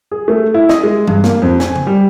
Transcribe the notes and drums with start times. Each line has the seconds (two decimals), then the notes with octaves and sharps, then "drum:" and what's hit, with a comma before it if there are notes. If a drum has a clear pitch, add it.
0.11 G#4
0.28 A3
0.54 E4
0.69 D#5, drum: snare
0.83 G#3
1.07 G2, drum: tom E3
1.24 A#3, drum: snare
1.42 F2
1.60 G#5, drum: snare
1.76 drum: tom
1.87 G3